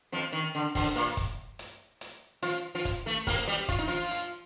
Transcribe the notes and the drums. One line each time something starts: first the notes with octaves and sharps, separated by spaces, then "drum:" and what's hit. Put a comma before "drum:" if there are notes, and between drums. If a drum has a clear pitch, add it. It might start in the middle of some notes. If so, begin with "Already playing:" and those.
F2 F3
D#3
D3
D3, drum: kick, open hi-hat
A#2 A#3
drum: kick, hi-hat
drum: hi-hat
drum: hi-hat
F3 F4, drum: hi-hat
F3 F4
drum: kick, hi-hat
A3 A4
A#3 A#4, drum: kick, open hi-hat
G3 G4
F4, drum: kick, hi-hat
D#4
F3 F4
drum: hi-hat